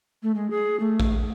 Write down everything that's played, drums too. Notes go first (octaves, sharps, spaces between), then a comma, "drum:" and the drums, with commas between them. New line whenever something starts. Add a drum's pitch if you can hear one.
A3
G#3
G#4
A3
drum: kick A1